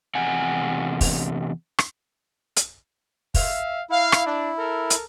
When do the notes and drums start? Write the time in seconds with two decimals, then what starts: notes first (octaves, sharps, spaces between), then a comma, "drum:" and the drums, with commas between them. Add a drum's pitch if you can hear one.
0.15 E2 C3 F#5 G#5
1.01 drum: kick, open hi-hat
1.79 drum: rim click
2.56 drum: hi-hat
3.34 E5 F5, drum: kick, open hi-hat
3.90 E4 F5
4.12 drum: rim click
4.25 D4
4.58 A4 A#4
4.90 drum: hi-hat